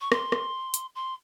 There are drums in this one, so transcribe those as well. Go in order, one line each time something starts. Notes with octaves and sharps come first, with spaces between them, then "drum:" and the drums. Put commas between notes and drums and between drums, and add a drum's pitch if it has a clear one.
C#6
C6, drum: rim click
drum: rim click
drum: hi-hat
C6